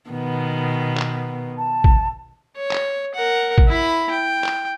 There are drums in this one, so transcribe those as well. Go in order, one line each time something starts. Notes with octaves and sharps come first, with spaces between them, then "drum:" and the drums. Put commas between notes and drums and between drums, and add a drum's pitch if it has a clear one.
B2 D#3 B3
drum: clap
A5
drum: kick
C#5
drum: clap
A#4 F#5
drum: kick
E4 B5
G5
drum: clap